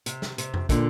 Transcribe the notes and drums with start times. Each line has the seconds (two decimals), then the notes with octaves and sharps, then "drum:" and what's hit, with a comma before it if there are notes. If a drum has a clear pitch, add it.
0.06 C3, drum: hi-hat
0.22 drum: snare
0.38 C3, drum: hi-hat
0.54 drum: tom F2
0.69 A#2 D3, drum: kick, hi-hat